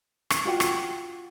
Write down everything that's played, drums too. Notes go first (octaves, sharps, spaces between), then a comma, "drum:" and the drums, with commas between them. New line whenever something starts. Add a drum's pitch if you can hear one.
drum: rim click
F4 F#4 F#5 G5
drum: rim click